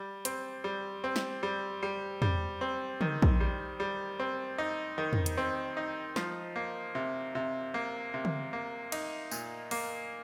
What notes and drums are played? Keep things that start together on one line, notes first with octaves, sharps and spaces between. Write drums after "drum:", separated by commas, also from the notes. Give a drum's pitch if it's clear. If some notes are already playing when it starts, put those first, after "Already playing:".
Already playing: G3
C4, drum: hi-hat
G3
C4
drum: snare
G3
G3
G3, drum: tom
C4
D#3, drum: tom
drum: kick
G3
G3
C4
D#4
D#3
drum: tom
drum: hi-hat
C4
D#4
F3, drum: snare
A#3
C3
C3
A#3
C3
drum: tom
A#3
D#4, drum: cymbal
A#2, drum: tambourine
A#3, drum: open hi-hat